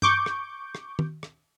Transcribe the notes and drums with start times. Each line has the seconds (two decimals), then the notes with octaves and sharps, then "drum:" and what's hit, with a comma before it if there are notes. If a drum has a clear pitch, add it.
0.02 C#6 D6 G6, drum: tom G2
0.26 drum: rim click
0.75 drum: rim click
0.99 drum: tom
1.23 drum: rim click